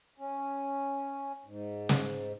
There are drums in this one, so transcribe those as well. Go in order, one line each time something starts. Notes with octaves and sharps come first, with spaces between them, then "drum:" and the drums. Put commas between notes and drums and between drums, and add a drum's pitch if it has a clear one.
C#4
G#2
drum: snare